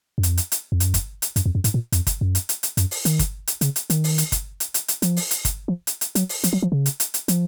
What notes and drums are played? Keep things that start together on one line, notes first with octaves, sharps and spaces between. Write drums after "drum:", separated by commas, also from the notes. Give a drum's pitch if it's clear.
F#2
F2, drum: hi-hat
drum: hi-hat
drum: hi-hat
F2
F#2, drum: hi-hat
drum: kick G1, hi-hat
drum: hi-hat
F#2, drum: hi-hat
F2
F#2
G#2, drum: hi-hat
A#2
F2, drum: hi-hat
drum: kick G1, hi-hat
F#2
drum: hi-hat
drum: hi-hat
drum: hi-hat
F#2, drum: hi-hat
drum: open hi-hat
D#3, drum: hi-hat
drum: kick G1, hi-hat
drum: hi-hat
C#3, drum: hi-hat
drum: hi-hat
D#3, drum: hi-hat
drum: open hi-hat
drum: hi-hat
drum: kick G1, hi-hat
drum: hi-hat
drum: hi-hat
drum: hi-hat
F3, drum: hi-hat
drum: open hi-hat
drum: hi-hat
drum: kick G1, hi-hat
F3
drum: hi-hat
drum: hi-hat
F#3, drum: hi-hat
drum: open hi-hat
F3, drum: hi-hat
F#3
F3
C#3
drum: hi-hat
drum: hi-hat
drum: hi-hat
F3, drum: hi-hat